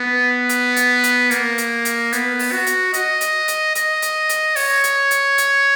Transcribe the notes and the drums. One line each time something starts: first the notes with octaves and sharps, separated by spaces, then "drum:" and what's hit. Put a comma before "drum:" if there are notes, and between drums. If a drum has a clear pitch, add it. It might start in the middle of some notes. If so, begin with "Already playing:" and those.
Already playing: B3
drum: hi-hat
drum: hi-hat
drum: hi-hat
A#3, drum: hi-hat
drum: hi-hat
drum: hi-hat
B3, drum: hi-hat
drum: open hi-hat
F#4
drum: hi-hat
D#5, drum: hi-hat
drum: hi-hat
drum: hi-hat
D#5, drum: hi-hat
drum: hi-hat
drum: hi-hat
C#5, drum: open hi-hat
drum: hi-hat
drum: hi-hat
drum: hi-hat